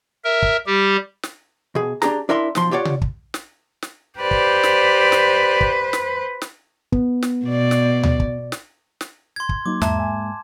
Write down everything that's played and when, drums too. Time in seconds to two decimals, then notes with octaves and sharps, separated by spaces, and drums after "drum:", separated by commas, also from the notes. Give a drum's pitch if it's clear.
0.25 A#4 E5
0.42 drum: kick
0.66 G3 G4
1.23 drum: snare
1.75 B2 G#4
2.02 D4 G4 G#4 A#5, drum: snare
2.29 D4 E4 A#4 E5 C6
2.55 B1 F3 C6, drum: snare
2.71 F4 G4 C#5 D5 F#5
2.85 drum: tom C3
3.02 drum: kick
3.34 drum: snare
3.82 drum: snare
4.20 G4 B4 C5 D5
4.31 drum: kick
4.63 drum: snare
5.12 drum: snare
5.61 drum: kick
5.93 drum: snare
6.42 drum: snare
6.92 B3, drum: kick
7.22 drum: snare
7.45 B2 D5
7.71 drum: snare
8.03 drum: tom D2
8.20 drum: kick
8.52 drum: snare
9.01 drum: snare
9.36 C6 G#6
9.49 drum: kick
9.66 F#3 A#3 D#4 D6
9.82 E2 G#2 G#3 A#3 E5 A5 A#5, drum: snare
9.99 E5 G#5